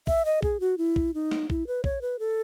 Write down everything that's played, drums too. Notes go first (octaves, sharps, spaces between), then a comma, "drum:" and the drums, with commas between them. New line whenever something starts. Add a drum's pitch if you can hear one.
E5, drum: kick A#1
D#5
G#4, drum: kick A#1
F#4
E4
drum: kick A#1
D#4
drum: snare
E4, drum: kick A#1
B4
C#5, drum: kick A#1
B4
A4